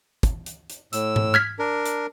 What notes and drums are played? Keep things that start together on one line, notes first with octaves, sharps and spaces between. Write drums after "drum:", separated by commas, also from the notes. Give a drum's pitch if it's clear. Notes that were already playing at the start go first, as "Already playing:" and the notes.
drum: kick, hi-hat
drum: hi-hat
drum: hi-hat
A2 E6, drum: hi-hat
drum: tom G#2
F6 G#6 B6
D4 A#4
drum: hi-hat